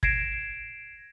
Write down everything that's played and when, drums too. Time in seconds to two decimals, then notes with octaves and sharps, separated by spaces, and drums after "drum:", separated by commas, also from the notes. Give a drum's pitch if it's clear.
0.03 G#6 A#6 C7 D7 E7, drum: kick